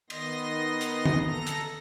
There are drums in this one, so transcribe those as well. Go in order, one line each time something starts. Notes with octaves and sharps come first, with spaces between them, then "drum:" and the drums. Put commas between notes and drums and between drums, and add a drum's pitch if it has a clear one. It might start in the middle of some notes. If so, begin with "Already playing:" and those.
D#3 B3 D#5 C6 A#6, drum: cymbal
drum: hi-hat
drum: tom
A4 A#5 A#6
drum: hi-hat